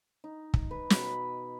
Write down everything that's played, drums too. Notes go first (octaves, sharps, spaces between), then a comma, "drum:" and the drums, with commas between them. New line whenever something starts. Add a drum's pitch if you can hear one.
D#4
drum: kick
B4
B2 B5, drum: snare